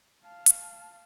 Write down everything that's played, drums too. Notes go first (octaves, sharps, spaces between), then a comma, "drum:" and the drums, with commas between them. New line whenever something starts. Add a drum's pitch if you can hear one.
F5 A5
drum: hi-hat